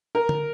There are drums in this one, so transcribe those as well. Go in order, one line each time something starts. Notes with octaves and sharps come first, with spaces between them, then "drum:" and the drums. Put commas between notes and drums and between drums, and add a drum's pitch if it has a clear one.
A#4
drum: tom D3